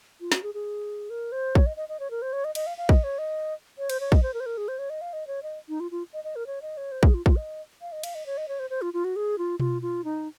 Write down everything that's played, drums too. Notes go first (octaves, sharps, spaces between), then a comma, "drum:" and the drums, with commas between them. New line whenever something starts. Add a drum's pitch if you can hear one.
F4
F#4, drum: snare
G#4
G#4
A#4
C5
C#5, drum: kick
D#5
D#5
D#5
C#5
A#4
C5
C#5
D#5
D#5, drum: cymbal
F5
F5
D#5, drum: kick
C#5
D#5
C#5
C5, drum: cymbal
C#5
D#5, drum: kick
C5
A#4
C5
A#4
G#4
C5
C#5
D#5
F5
D#5
C#5
D#5
D#4
F4
F4
D#5
D#5
A#4
C#5
D#5
C#5
C5
G#4, drum: kick
F4
F4, drum: kick
D#5
F5
D#5
F5, drum: cymbal
D#5
C#5
D#5
C#5
C5
C5
F4
F4
F#4
G#4
F4
F4, drum: tom B2
F4
D#4